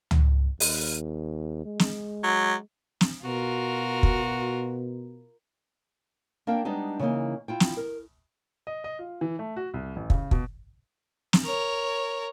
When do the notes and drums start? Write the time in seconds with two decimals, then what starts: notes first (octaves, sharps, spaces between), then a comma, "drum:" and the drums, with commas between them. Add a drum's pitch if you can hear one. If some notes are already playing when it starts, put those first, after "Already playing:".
0.11 drum: tom C#2
0.60 D#2, drum: open hi-hat
1.65 G#3
1.79 drum: snare
2.24 F#3
3.01 drum: snare
3.24 B2 F4 F#4 A#4
4.03 drum: kick
6.47 A#3 D4 A#4 E5 F5 G5
6.65 G3 G#3 B3 D4 D#4 G4
6.99 C#3 E3 A3 A#3 D#4
7.48 E4 F4 G5
7.60 drum: snare
7.77 A#4
8.67 D#5
8.84 D#5
8.99 F4
9.21 E3
9.39 A3
9.56 F#4
9.74 C2
9.96 A1
10.10 C#3, drum: kick
10.31 B2, drum: kick
11.33 drum: snare
11.44 A#4 C#5